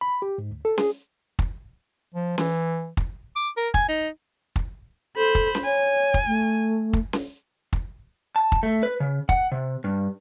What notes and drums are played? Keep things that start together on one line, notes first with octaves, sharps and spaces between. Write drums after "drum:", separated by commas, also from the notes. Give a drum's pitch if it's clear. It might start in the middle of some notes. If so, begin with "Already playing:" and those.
B5
G4
G#2
D2
A4
G#4, drum: snare C#4
drum: kick
F3
E3, drum: snare C#4
drum: kick
D6
A#4
G#5, drum: kick
D#4
drum: kick
A4 C5 B5
drum: kick
drum: snare C#4
C#5 G#5
drum: kick
A3
drum: kick
drum: snare C#4
drum: kick
A5
drum: kick
A3
B4
C#3
F#5, drum: kick
C3
G2